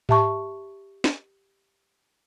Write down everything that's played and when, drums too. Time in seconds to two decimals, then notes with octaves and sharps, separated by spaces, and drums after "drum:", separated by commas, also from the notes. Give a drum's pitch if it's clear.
0.09 G4 E5 A5 C#6, drum: tom G#2
1.04 drum: snare